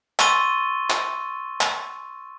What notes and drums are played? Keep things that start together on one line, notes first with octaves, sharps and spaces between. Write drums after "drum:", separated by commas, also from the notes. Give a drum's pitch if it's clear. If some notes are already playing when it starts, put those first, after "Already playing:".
C6 C#6 E6 A6 D#7 G7, drum: clap
drum: clap
drum: clap